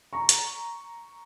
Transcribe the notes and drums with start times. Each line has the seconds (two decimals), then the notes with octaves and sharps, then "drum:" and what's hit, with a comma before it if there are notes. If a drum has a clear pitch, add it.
0.13 A#5 C#6
0.29 drum: hi-hat